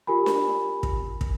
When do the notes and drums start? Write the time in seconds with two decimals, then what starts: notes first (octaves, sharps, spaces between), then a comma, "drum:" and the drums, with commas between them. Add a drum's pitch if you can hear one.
0.07 F4 G4 A#4 G#5 B5
0.26 drum: snare D4
0.83 drum: kick
1.21 drum: kick